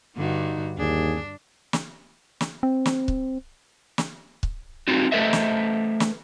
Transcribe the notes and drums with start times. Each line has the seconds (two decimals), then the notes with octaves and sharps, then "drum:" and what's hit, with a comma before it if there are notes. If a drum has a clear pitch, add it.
0.16 G2 D3 D#4 F#4
0.78 D#2 D4 G#4
1.73 drum: snare
2.41 drum: snare
2.63 C4
2.86 drum: snare
3.08 drum: kick C#1
3.98 drum: snare
4.43 drum: kick C#1
4.88 C4 D#4 F4 F#4
5.12 A3 A4 B4 C5 D#5 E5
5.33 drum: snare
6.00 drum: snare